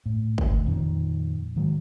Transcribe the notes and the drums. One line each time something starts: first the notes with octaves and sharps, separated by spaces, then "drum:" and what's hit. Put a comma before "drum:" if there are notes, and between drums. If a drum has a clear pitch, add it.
A2
D2, drum: kick
F2 A#2 D#3 F3
G#2 D#3 F#3 G#3